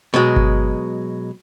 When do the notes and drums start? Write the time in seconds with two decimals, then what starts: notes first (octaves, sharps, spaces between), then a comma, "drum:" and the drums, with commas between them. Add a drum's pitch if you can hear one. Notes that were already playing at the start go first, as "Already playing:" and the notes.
0.14 B2 F#3 G#3
0.36 drum: kick G1